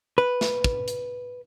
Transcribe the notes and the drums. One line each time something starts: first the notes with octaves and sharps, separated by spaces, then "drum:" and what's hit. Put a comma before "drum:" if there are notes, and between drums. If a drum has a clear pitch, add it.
B4
drum: snare
drum: kick
drum: hi-hat